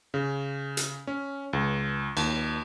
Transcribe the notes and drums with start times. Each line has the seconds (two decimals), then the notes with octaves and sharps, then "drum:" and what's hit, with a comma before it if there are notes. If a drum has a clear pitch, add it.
0.14 C#3
0.77 drum: hi-hat
1.07 C#4
1.53 C#2
2.17 D#2, drum: cymbal